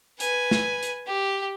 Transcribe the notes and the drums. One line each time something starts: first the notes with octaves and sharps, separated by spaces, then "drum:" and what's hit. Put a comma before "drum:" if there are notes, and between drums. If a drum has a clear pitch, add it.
B4 G#5, drum: hi-hat
drum: snare
drum: hi-hat
G4